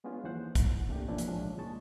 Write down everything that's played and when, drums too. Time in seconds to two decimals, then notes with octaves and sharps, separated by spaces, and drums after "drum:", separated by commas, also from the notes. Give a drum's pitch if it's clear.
0.04 G#3 B3 C#4 D4 F4 G#4
0.24 D#2 E3 C5 F#5
0.55 drum: kick, hi-hat
0.89 C3 A3 A#3 D4 G4
1.08 A#2 E3 F3 C#4 D4 E4
1.18 drum: hi-hat
1.28 G#2 F3 G#3 C#4 D4
1.57 C#2 A#2 G#3 D#5 A5 C#6